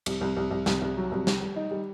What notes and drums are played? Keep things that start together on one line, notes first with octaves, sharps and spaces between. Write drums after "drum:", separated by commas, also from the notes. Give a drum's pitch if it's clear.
C2, drum: cymbal
C2
C2
C2
C2, drum: snare
C2
F#3
C2
G3, drum: snare
G3
D#4
G3